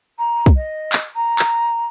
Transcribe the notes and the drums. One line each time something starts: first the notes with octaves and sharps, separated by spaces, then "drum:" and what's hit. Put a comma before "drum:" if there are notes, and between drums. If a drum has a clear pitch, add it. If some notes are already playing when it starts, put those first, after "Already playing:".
A#5
drum: kick
D#5
drum: clap
A#5
drum: clap